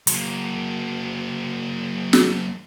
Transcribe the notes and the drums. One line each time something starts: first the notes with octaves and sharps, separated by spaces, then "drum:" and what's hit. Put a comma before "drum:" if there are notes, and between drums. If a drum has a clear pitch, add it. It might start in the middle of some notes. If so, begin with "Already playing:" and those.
F#3 A#3, drum: hi-hat
drum: snare